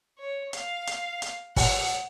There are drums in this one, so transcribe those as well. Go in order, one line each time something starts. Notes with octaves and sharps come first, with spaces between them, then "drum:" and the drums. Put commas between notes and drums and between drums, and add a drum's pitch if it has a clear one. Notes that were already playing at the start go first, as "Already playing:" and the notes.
C#5
F5, drum: hi-hat
drum: hi-hat
drum: hi-hat
F#5, drum: kick, open hi-hat